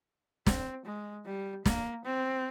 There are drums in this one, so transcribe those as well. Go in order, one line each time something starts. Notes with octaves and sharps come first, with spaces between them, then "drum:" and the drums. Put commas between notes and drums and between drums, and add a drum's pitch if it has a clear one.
C4, drum: snare
G#3
G3
A#3, drum: snare
C4